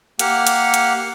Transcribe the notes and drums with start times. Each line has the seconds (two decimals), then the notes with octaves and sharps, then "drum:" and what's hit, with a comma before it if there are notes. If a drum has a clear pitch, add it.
0.19 A#3 G4 F#5 F6, drum: hi-hat
0.47 drum: hi-hat
0.74 drum: hi-hat